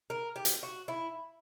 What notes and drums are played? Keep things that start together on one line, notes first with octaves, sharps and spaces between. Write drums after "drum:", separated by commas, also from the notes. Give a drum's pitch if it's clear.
A#4
G4
drum: hi-hat
F#4
E4